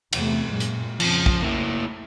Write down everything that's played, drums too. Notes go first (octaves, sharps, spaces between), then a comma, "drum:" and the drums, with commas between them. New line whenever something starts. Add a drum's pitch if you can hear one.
E2 C3 A3, drum: cymbal
F#2 A#2 G#3
drum: hi-hat
F2 C#3 F3, drum: cymbal
drum: kick
A3 A#3 E4